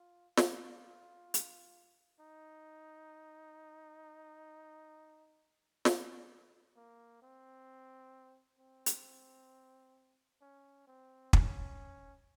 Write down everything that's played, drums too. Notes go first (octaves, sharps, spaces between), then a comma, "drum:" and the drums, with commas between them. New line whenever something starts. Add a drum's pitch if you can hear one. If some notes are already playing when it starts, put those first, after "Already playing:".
Already playing: F4
F4, drum: snare
drum: hi-hat
D#4
C#4, drum: snare
A#3
C4
C4
drum: hi-hat
C#4
C4
C#4, drum: kick